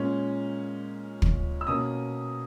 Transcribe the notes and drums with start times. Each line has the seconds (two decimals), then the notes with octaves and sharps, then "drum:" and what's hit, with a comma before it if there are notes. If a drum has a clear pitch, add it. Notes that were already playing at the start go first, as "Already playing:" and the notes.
Already playing: A#2 G#3 C#4
1.22 drum: kick
1.61 E6
1.67 B2 A#3 C#4 D#6